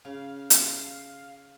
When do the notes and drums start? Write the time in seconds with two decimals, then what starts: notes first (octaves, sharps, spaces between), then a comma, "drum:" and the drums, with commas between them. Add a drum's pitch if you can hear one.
0.05 C#3 F5
0.50 drum: hi-hat